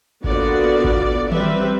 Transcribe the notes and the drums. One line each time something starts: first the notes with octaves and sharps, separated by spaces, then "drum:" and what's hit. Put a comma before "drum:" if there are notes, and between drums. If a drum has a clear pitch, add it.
D3 A#3 B3 F4 F#4 D5, drum: kick G#1
drum: kick G#1
G3 C4 B4 E5, drum: tom D#3